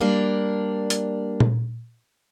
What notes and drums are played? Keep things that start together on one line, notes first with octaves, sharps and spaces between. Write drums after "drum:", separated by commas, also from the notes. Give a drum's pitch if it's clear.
G3 A#3 D4
drum: hi-hat
drum: tom A#2